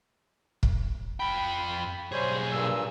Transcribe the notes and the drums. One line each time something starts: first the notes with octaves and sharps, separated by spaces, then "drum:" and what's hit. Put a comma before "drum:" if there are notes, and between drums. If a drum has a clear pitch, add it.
drum: kick
F2 G5 B5
B1 G3 G#4 C5 C#5
G2 A#2 E6